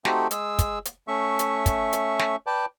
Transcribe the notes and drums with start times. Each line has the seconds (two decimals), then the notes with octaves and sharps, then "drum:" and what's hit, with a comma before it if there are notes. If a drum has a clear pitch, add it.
0.05 A3 C4 D#4 F#4 G4 A4, drum: snare
0.31 G#3 G#4 E6, drum: hi-hat
0.59 drum: kick, hi-hat
0.85 drum: hi-hat
1.08 A3 C#4 E5 C#6
1.39 drum: hi-hat
1.66 drum: kick, hi-hat
1.93 drum: hi-hat
2.19 drum: snare
2.47 B4 D5 G5 A5